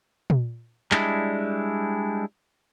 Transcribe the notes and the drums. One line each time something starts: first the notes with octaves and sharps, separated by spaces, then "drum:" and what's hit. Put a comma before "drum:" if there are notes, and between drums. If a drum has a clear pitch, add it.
drum: tom A#2
G3 G#3 D4 E4, drum: clap